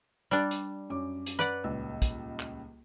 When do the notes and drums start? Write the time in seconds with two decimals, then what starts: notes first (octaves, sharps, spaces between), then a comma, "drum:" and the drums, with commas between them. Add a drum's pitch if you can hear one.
0.31 G3 D4
0.51 drum: hi-hat
0.90 F#2 C#4 D6
1.26 drum: hi-hat
1.39 B4 D5 F#5
1.64 D#1 C#2 E6
2.02 drum: kick, hi-hat
2.39 drum: clap